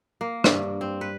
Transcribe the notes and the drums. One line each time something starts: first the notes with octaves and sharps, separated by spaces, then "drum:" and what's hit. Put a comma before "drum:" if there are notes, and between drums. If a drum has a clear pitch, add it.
A#3
G2, drum: rim click
C4
B4